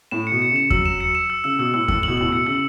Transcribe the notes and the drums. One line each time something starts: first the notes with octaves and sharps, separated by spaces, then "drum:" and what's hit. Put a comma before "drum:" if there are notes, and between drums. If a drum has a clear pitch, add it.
A2 E7
B2 C#7
C#7
C#3 E7
F#3 E6, drum: kick E2
E7
C#7
E7
E6
C#3 E6
B2 E6
A2 E6
A2 E6, drum: kick E2
B2 F#7
A2 F#7
B2 C#7
C#3 E6